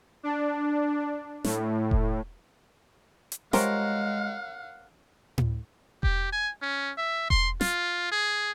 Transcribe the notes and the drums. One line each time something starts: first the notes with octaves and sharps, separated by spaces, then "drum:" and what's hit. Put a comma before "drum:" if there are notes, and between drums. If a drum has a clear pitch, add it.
D4
A2, drum: snare
drum: kick E1
drum: hi-hat
F3 G3 G#3 A#4 C5 C#5 F5 F#5, drum: snare
drum: tom A2
G4, drum: kick E1
G#5
C#4
E5
C6, drum: kick E1
F4, drum: snare
G#4